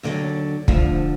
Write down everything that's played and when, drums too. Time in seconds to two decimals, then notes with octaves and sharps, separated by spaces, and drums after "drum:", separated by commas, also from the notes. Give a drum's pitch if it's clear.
0.03 D#2 D3 F#3 D5
0.68 D2 D3 F3, drum: kick